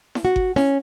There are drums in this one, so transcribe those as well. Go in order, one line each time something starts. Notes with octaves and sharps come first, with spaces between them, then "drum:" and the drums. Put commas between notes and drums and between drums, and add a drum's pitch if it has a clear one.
drum: snare E4
F#4
drum: kick G1
C#4, drum: snare E4